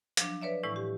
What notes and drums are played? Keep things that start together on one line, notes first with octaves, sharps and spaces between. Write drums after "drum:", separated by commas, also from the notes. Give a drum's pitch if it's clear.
F3 F#3 D4, drum: hi-hat
B4 C#5 D5 E5
A2 E3 G#3 E4 D5 C#6
G4